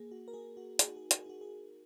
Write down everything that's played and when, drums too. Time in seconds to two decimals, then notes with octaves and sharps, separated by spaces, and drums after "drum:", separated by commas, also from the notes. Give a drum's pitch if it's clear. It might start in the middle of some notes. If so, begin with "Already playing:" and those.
Already playing: A#3 G#4
0.11 F#4
0.28 A#4
0.33 A#3 G#4
0.57 F#4
0.79 D#4 G#4, drum: hi-hat
0.88 F#4
0.96 G#4
1.11 F#4, drum: hi-hat
1.19 G#4
1.26 D#4 F#4
1.41 G#4